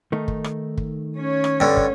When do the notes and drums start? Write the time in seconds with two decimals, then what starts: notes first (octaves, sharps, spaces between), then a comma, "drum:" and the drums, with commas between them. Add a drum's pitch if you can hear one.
0.12 D#3 A3 D#4
0.28 drum: kick
0.44 drum: rim click
0.78 drum: kick
1.18 C#4 C#5
1.44 drum: rim click
1.60 G2 D3
1.77 drum: kick